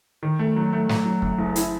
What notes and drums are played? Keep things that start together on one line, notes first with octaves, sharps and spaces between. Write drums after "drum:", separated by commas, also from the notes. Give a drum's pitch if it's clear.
D#3
A3
F#3
A3
F#3, drum: snare
F#3
F#2, drum: kick
F#1
E4, drum: hi-hat